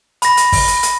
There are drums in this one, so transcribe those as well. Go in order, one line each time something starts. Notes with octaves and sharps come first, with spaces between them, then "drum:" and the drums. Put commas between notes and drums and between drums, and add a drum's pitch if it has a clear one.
B5 A#6, drum: hi-hat
drum: hi-hat
drum: kick, open hi-hat
drum: hi-hat
drum: hi-hat